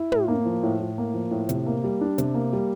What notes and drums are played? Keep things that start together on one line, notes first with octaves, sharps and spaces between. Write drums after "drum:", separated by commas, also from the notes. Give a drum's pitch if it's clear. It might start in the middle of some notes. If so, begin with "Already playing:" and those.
Already playing: E4
A2, drum: tom
A#3
F3
A2
A2
A#3
F3
A2
C3, drum: hi-hat
A#3
G3
D4
C3, drum: hi-hat
A#3
G3